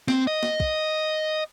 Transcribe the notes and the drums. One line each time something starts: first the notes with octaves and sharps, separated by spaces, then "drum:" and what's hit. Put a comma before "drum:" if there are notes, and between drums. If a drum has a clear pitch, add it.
C4, drum: snare
D#5
drum: snare
drum: kick